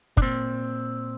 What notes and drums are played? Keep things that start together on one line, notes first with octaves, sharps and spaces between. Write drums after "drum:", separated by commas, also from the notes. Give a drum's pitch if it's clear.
D4, drum: kick
A#2 C4